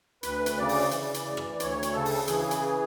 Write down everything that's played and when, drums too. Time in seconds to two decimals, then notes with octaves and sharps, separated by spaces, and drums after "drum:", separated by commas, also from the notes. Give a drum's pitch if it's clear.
0.23 D2 B4, drum: hi-hat
0.46 drum: hi-hat
0.58 C#3 D5
0.69 drum: open hi-hat
0.91 E3, drum: hi-hat
1.14 drum: hi-hat
1.26 D2
1.37 drum: rim click
1.60 D2 C#5, drum: hi-hat
1.83 drum: hi-hat
1.94 C#3 A4
2.05 drum: open hi-hat
2.28 E3 G#4, drum: hi-hat
2.51 drum: hi-hat